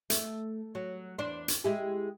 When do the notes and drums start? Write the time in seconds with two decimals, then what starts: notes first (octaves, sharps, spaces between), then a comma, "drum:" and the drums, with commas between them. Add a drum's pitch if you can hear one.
0.10 A3, drum: hi-hat
0.75 F#3
1.18 E2 D4 C5
1.48 drum: hi-hat
1.64 G#3 E4 G4